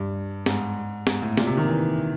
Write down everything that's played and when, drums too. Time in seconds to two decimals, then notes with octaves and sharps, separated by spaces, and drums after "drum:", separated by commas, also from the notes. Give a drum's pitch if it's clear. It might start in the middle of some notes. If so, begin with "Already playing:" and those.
Already playing: G2
0.46 G#2, drum: snare
1.07 G#2, drum: snare
1.22 A2
1.37 A#2, drum: snare
1.47 C3
1.57 D#3
1.68 E3